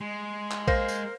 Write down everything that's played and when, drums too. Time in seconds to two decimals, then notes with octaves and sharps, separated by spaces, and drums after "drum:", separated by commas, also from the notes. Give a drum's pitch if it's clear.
0.01 G#3
0.51 drum: clap
0.68 A#3 C5, drum: kick
0.88 drum: tambourine